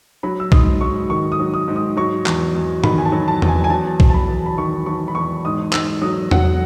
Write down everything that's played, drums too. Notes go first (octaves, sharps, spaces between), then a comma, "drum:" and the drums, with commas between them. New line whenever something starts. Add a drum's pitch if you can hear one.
F#3 B5
E6
G#2 D#6, drum: kick B1
G#2 C#6
D#3 C#6
D#6
F#3
D#6
G#2
D#6
F#3 C#6
E2, drum: clap
E2
D#3 B5, drum: tom G#2
G#5
A5
F#3
A5
E2, drum: tom E2
G#5
G#5
F#3 A5
E2, drum: kick B1
A5
B5
E2
B5
D#3 C#6
F#3 C#6
B5
E2 C#6
G#2 D#6
G#2 E6, drum: clap
F#3 D#6
F#3 F#5, drum: tom E2